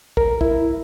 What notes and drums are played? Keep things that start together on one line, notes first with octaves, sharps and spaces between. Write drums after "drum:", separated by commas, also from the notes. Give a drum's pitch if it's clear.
A#4, drum: kick
E4, drum: kick